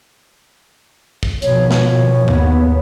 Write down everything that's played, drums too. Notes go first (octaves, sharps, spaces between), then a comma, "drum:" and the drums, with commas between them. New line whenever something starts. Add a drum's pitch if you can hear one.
drum: kick
B2 D#3 F3 C#5, drum: hi-hat
drum: snare
D#2 B3, drum: tom G2